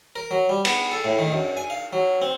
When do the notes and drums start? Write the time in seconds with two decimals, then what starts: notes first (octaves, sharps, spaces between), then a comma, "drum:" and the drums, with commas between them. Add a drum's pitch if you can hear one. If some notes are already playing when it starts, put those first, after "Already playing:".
0.16 A#4
0.31 F#3
0.49 G3
0.65 B3, drum: cymbal
0.92 A4
1.05 A2
1.19 D#3
1.32 F#2
1.57 G#5
1.70 F5
1.93 F#3
2.22 C4